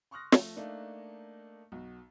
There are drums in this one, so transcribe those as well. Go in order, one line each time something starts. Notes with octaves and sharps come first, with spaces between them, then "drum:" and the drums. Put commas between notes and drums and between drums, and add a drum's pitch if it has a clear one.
C6 C#6 D#6 F6 F#6 A#6
F3 A3, drum: snare
A3 A#3 D4 D#4
B1 F#4